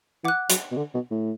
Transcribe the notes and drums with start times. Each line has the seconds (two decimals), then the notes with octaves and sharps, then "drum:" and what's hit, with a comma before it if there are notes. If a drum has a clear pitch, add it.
0.24 E3 F#5 D6 F#6
0.50 F#3, drum: hi-hat
0.71 B2
0.77 D3
0.94 B2
1.11 A2